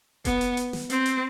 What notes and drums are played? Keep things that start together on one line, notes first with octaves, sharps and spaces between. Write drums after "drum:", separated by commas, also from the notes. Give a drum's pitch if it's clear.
B3, drum: kick F1, hi-hat
drum: hi-hat
drum: hi-hat
drum: snare
C4, drum: hi-hat
drum: hi-hat